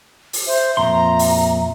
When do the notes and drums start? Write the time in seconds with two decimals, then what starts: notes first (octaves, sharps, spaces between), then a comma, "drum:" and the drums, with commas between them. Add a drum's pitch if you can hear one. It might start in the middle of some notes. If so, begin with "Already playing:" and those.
0.33 drum: open hi-hat
0.47 C5 E5
0.77 F2 A#2 A#5 C6
1.19 drum: open hi-hat